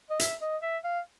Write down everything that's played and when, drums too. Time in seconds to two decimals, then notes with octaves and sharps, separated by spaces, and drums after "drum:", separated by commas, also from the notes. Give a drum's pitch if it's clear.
0.10 D#5
0.19 E5, drum: hi-hat
0.42 D#5
0.62 E5
0.84 F5